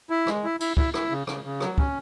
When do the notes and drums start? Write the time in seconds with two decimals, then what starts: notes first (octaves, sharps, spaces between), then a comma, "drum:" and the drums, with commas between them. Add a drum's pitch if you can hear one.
0.10 E4
0.27 G#3, drum: rim click
0.44 E4
0.60 E4, drum: cymbal
0.77 E4, drum: kick
0.94 E4, drum: rim click
1.11 C#3
1.27 C#3, drum: rim click
1.45 C#3
1.61 F#3, drum: rim click
1.78 C#4, drum: kick